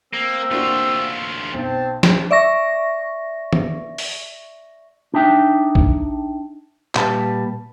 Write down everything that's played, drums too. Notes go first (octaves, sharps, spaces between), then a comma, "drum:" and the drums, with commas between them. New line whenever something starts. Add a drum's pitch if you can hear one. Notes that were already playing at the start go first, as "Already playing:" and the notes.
A#3 C4 E6
D2 A#3 D4 F4 F#4
B1 C4 A5
drum: snare
D5 E5 C#6 A#6
drum: tom
drum: open hi-hat
D4 D#4 E5 G5
drum: kick A#1
A#2 G3 B4 A5, drum: clap